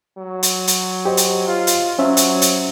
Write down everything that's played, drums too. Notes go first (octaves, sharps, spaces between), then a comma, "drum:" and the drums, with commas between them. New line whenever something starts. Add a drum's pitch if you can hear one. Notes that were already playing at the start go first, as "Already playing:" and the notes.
F#3
drum: hi-hat
drum: hi-hat
G4 C5 D#5
drum: hi-hat
F4
drum: hi-hat
F#3 C#4 C5 E5
drum: hi-hat
drum: hi-hat